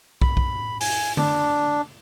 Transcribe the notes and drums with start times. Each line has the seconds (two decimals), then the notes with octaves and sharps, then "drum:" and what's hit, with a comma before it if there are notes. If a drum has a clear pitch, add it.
0.22 B5, drum: kick
0.37 drum: kick
0.81 G#5, drum: open hi-hat
1.17 D4, drum: tom D3